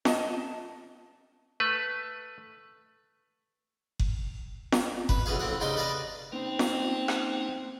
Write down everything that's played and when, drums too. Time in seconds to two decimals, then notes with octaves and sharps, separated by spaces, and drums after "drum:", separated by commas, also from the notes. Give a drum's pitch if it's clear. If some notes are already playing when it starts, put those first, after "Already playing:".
0.05 D#5 A5, drum: snare F4
1.60 A3 B4
3.99 drum: kick F#1
4.72 drum: snare F4
5.09 B4, drum: kick F#1
5.26 B1 E3 C#4 G#4 F5
5.40 A1 A2 C4 F#5
5.60 G2 C#3 D#4 C5 D#5 C6
5.77 B4 D5 D#5 F5 A5
6.32 A#3 C4 C#4 D#4
6.59 drum: snare F4
7.08 drum: rim click